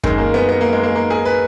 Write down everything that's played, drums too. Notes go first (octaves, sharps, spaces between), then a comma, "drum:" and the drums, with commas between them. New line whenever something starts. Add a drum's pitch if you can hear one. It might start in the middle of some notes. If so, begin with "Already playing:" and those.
F#2 D#3 G#3, drum: kick
A#3
B3
B3
A#3
G#3
A#3
A#3
G#4
B4